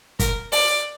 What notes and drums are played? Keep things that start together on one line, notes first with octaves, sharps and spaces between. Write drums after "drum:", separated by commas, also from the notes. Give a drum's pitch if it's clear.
A#4, drum: kick, hi-hat
D5, drum: open hi-hat